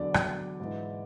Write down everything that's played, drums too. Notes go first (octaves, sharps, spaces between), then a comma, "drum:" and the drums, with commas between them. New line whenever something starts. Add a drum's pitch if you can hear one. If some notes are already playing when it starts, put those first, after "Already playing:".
Already playing: E2 D3 F#3 D5
drum: rim click
G#2 E3